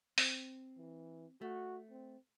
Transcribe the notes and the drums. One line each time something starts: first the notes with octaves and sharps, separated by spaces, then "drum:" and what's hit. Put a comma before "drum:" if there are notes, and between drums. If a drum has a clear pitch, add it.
C4, drum: open hi-hat
E3
A3 F#4
C4